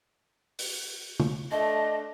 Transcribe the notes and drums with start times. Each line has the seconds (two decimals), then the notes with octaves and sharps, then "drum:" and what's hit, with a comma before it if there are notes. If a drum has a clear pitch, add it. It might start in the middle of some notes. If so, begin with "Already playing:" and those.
0.59 drum: open hi-hat
1.20 drum: tom C#3
1.51 A3 D4 D#5